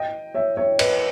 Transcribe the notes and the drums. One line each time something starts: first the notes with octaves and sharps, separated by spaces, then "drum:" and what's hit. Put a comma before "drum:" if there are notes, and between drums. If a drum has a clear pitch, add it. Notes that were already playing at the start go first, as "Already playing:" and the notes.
Already playing: D#5 G5
C#5 E5
C#5 E5
B4 D#5, drum: cymbal